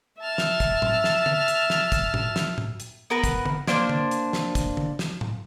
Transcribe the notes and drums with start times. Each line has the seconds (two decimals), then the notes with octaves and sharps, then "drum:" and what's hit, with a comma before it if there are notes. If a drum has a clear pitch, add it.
0.22 E5 A5 F6
0.38 drum: snare
0.60 drum: kick, hi-hat
0.82 drum: tom A2
1.04 drum: snare
1.26 drum: tom
1.48 drum: hi-hat
1.70 drum: snare
1.92 drum: kick, hi-hat
2.14 drum: tom A2
2.36 drum: snare
2.58 drum: tom A2
2.80 drum: hi-hat
3.10 B3 A#4 B4
3.24 drum: kick, hi-hat
3.46 drum: tom
3.67 A#3 D4 C5, drum: snare
3.89 drum: tom
4.11 drum: hi-hat
4.33 drum: snare
4.55 drum: kick, hi-hat
4.77 drum: tom
4.99 drum: snare
5.21 drum: tom A2